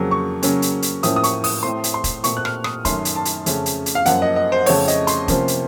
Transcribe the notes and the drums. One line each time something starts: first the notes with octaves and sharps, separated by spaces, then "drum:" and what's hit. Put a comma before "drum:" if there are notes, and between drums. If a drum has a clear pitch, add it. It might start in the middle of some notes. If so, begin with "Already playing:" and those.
Already playing: F2 C#3 F#3 A#3
C#6
C#3 F#3 A#3 C#4, drum: hi-hat
drum: hi-hat
drum: hi-hat
A2 F3 A#3 C#4 D#6, drum: hi-hat
D#6
C#6, drum: hi-hat
D#6, drum: open hi-hat
A2 A3 C4 C6
drum: hi-hat
C6
drum: kick E1, hi-hat
A#2 A3 C4 C#6, drum: hi-hat
F#6
F6, drum: rim click
D#6, drum: rim click
F#2 D#3 A3 C#4 C6, drum: kick E1, hi-hat
drum: hi-hat
A5
drum: hi-hat
F2 C#3 A3 C#4, drum: hi-hat
drum: hi-hat
drum: hi-hat
F5
F#2 F3 A#3 F#5, drum: hi-hat
D#5
D#5
C5
F2 C#3 A3 C4 C#5, drum: open hi-hat
D#5, drum: hi-hat
C6, drum: hi-hat
C3 F3 A#3 C#4, drum: kick E1, hi-hat
drum: hi-hat